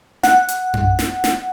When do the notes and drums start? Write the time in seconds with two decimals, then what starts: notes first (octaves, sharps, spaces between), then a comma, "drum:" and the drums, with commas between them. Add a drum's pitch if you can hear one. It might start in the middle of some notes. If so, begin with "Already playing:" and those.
0.23 F#5, drum: snare
0.49 drum: hi-hat
0.74 drum: tom F#2
0.99 drum: snare
1.24 drum: snare